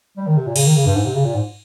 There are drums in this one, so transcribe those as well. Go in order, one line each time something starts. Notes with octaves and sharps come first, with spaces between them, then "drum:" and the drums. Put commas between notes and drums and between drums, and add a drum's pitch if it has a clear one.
G3
D#3
C3
A#2
C#3, drum: cymbal
D#3
C#3
G2
G#2
C3
C#3
A#2
G#2